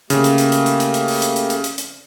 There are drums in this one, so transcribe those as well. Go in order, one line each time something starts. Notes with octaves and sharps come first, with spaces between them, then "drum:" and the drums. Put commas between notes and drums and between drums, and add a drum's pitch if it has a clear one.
C#3 A3 A#3 G4, drum: hi-hat
drum: hi-hat
drum: hi-hat
drum: hi-hat
drum: hi-hat
drum: hi-hat
drum: hi-hat
drum: open hi-hat
drum: hi-hat
drum: hi-hat
drum: hi-hat
drum: hi-hat
drum: hi-hat